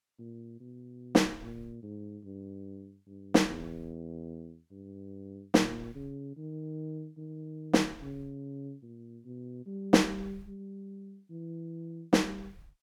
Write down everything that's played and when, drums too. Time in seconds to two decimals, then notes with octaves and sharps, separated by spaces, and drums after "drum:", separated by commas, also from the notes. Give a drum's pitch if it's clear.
0.19 A#2
0.60 B2
1.15 drum: snare
1.42 A#2
1.83 G#2
2.25 G2
3.07 G2
3.34 drum: snare
3.48 E2
4.71 G2
5.54 A#2, drum: snare
5.95 C#3
6.37 D#3
7.18 D#3
7.73 drum: snare
8.01 C#3
8.83 A#2
9.25 B2
9.66 G3
9.93 drum: snare
10.47 G3
11.30 E3
12.13 G3, drum: snare